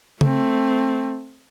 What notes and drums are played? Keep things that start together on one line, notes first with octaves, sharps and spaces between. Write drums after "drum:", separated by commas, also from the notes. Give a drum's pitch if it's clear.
A3 C4, drum: tom C#3